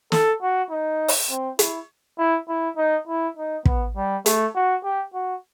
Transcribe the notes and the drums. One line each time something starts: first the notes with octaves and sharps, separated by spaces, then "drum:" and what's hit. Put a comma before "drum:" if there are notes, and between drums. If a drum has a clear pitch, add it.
A4, drum: snare
F#4
D#4
drum: open hi-hat
C4
E4, drum: hi-hat
E4
E4
D#4
E4
D#4
B3, drum: kick
G3
A3, drum: hi-hat
F#4
G4
F#4